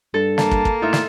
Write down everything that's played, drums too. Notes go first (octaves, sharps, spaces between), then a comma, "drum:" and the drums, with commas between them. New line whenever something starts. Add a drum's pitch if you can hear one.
G2 A4
A#3 A5, drum: snare
drum: kick
drum: kick
A2 D#4 F4 E5
drum: snare